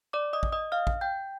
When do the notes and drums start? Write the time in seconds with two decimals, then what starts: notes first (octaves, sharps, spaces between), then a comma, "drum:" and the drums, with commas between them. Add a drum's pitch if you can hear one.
0.13 D5 D6
0.33 D#5 D#6
0.43 drum: kick
0.52 D#5 D#6
0.72 F5 F6
0.87 drum: kick
1.01 G5 G6